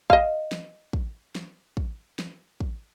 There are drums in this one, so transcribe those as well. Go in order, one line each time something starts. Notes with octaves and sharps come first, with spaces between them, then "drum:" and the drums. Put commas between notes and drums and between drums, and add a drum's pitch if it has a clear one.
D#5 F5, drum: kick
drum: snare
drum: kick
drum: snare
drum: kick
drum: snare
drum: kick